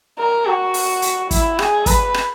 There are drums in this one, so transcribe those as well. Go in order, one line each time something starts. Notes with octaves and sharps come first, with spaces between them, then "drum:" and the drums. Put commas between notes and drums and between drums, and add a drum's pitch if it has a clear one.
A#4
F#4
drum: open hi-hat
drum: hi-hat
E4, drum: kick, hi-hat
G#4, drum: rim click
B4, drum: kick, hi-hat
drum: rim click